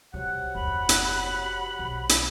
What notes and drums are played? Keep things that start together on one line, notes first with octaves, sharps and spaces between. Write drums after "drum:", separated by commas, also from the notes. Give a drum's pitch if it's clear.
C2 C3 F#3 F#5
F#1 D#2 B5
drum: hi-hat
B1
drum: hi-hat